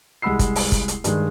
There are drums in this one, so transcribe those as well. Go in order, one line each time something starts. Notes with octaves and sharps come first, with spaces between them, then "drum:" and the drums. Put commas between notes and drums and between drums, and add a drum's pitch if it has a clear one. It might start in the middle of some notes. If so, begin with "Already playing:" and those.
C2 G#3 F#5 B5 E6 C7
drum: kick, hi-hat
drum: open hi-hat
drum: kick, hi-hat
drum: hi-hat
G2 D#3 G3 G#3, drum: hi-hat